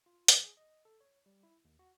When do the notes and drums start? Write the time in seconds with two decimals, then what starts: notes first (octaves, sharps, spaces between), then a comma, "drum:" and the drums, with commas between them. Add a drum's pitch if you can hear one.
0.06 F4
0.28 E3, drum: hi-hat
0.43 G#4
0.57 D#5
0.85 A4
1.01 C#5
1.26 G3
1.43 E4
1.65 D#2
1.79 F#4